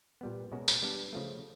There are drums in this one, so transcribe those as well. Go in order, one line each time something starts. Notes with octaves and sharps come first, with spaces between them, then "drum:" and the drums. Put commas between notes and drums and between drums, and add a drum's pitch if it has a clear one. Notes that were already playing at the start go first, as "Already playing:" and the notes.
A#2 G3 B3
B2 G#3 C#4 F#4 A#4
drum: tambourine
G3 B3 D4
C#3 F3 A3